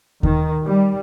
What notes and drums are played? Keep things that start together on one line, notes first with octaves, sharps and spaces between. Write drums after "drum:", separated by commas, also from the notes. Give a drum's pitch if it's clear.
D#3, drum: kick D#2
G3